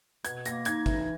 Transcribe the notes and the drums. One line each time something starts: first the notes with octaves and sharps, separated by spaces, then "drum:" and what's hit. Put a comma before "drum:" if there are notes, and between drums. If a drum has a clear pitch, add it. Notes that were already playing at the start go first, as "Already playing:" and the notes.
B2 G#6, drum: hi-hat
A#3 A#6, drum: hi-hat
D#4 G#6, drum: hi-hat
E3, drum: kick G#1